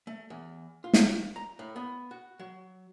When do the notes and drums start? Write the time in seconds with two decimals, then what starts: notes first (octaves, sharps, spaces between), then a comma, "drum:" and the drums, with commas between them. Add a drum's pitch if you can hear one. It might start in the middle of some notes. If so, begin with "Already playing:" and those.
0.07 A3
0.30 E2
0.84 F4
0.93 drum: snare
1.36 A#5
1.59 A2
1.76 B3
2.11 F#4
2.39 F#3